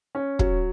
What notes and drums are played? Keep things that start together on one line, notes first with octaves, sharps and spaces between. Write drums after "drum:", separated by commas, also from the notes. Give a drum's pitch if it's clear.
C#4
F#3, drum: kick